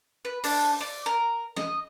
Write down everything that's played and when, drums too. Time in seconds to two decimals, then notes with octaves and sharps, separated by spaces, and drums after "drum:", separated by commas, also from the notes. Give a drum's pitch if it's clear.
0.25 B4
0.44 D4, drum: open hi-hat
0.81 D5
1.06 A#4
1.56 D#5, drum: snare